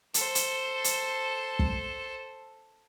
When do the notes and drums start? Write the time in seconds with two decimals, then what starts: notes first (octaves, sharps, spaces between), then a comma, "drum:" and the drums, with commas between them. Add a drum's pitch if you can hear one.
0.14 A4 C5, drum: hi-hat
0.35 drum: hi-hat
0.84 drum: hi-hat
1.59 drum: kick